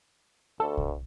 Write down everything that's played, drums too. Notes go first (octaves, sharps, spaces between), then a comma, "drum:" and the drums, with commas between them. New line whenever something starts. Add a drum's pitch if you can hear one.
D2 A4
drum: kick